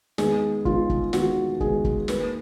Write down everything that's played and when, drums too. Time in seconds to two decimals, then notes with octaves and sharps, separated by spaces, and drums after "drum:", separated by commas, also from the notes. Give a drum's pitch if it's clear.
0.18 D#3 G#3 B3 G#4, drum: snare
0.65 D#3 G#3 B3 F4, drum: kick
0.89 drum: kick
1.13 D#3 G#3 B3 F#4, drum: snare
1.60 D#3 G#3 B3 G#4, drum: kick
1.84 drum: kick
2.08 D#3 A#3 B4, drum: snare